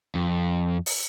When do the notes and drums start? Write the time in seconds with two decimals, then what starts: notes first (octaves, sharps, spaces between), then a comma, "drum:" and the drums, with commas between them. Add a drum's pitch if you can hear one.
0.15 F2
0.86 drum: open hi-hat